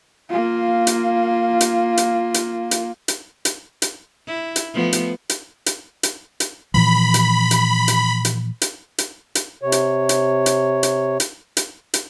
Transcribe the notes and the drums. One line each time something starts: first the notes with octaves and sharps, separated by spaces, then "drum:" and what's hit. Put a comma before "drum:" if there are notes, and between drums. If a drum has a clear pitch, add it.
A#3 F4
drum: hi-hat
drum: hi-hat
drum: hi-hat
drum: hi-hat
drum: hi-hat
drum: hi-hat
drum: hi-hat
drum: hi-hat
E4
drum: hi-hat
F3 A3 B3
drum: hi-hat
drum: hi-hat
drum: hi-hat
drum: hi-hat
drum: hi-hat
A#2 E3 F3 B5
drum: hi-hat
drum: hi-hat
drum: hi-hat
drum: hi-hat
drum: hi-hat
drum: hi-hat
drum: hi-hat
C3 C#5
drum: hi-hat
drum: hi-hat
drum: hi-hat
drum: hi-hat
drum: hi-hat
drum: hi-hat
drum: hi-hat